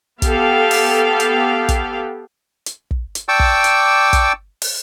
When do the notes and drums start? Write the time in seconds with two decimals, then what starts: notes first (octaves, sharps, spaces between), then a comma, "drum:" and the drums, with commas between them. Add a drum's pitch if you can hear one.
0.22 B3 G4 A4 F5 G5, drum: kick, hi-hat
0.71 drum: open hi-hat
1.20 drum: hi-hat
1.69 drum: kick, hi-hat
2.66 drum: hi-hat
2.91 drum: kick
3.15 drum: hi-hat
3.29 D5 G5 A5 C#6 D6 E6
3.40 drum: kick
3.64 drum: hi-hat
4.13 drum: kick, hi-hat
4.62 drum: open hi-hat